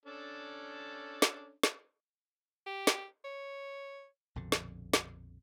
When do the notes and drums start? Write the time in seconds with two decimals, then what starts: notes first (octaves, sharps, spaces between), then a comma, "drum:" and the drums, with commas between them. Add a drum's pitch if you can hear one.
0.06 C#4 D4 A4
1.22 drum: snare
1.63 drum: snare
2.67 G4
2.87 drum: snare
3.25 C#5
4.36 A#1 F2 B2 D3
4.52 drum: snare
4.93 drum: snare